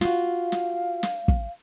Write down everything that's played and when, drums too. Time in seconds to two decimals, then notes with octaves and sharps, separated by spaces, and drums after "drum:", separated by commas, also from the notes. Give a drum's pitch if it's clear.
0.01 F4 F#4 F5, drum: snare
0.52 drum: snare
1.03 drum: snare
1.28 drum: kick